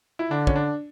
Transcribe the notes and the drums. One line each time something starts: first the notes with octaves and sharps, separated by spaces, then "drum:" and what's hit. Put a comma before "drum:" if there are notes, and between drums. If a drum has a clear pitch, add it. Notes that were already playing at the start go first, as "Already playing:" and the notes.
E4
D3 D4
C#4, drum: kick
D4